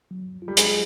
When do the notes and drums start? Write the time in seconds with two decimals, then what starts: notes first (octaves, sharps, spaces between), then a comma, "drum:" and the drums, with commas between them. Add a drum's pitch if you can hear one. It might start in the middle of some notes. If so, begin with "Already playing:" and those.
0.11 F#3
0.42 F4
0.48 G3
0.57 G#3, drum: hi-hat